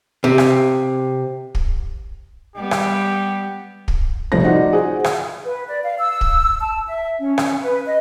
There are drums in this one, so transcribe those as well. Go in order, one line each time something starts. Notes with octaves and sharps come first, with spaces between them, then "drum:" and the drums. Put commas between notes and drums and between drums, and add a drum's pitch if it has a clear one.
C3
drum: rim click
drum: kick
G3 B3 G4
drum: rim click
drum: kick
F1 A#1 G3 A3 C5 A#6
D#4 F4 F#4 D5 F#5
G#4 C5 F#5
drum: rim click
B4
D5
F5
E6
drum: kick
A5
E5
C#4
drum: rim click
B4
D#5